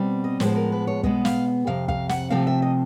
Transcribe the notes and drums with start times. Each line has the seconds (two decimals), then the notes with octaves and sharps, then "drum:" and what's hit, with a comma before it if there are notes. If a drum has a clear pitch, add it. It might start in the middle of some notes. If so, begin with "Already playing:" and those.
Already playing: B2 G3 C4
0.24 D#5
0.40 A2 F3 G#3 B3 C5, drum: snare
0.56 A#4
0.72 B4
0.87 C#5
1.03 B2 G#3 B3 D#5, drum: kick
1.25 F5, drum: snare
1.67 F2 C3 F5
1.88 F5, drum: kick
2.09 F#5, drum: snare
2.30 C3 F3 A3 C4 F5
2.47 E5
2.62 D#5